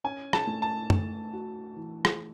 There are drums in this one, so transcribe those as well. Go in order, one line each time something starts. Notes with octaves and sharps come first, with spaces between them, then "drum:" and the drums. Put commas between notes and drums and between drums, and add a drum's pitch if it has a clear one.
C#4 G#5
A5, drum: rim click
A3
A5
A3, drum: tom
F#4
E3
drum: rim click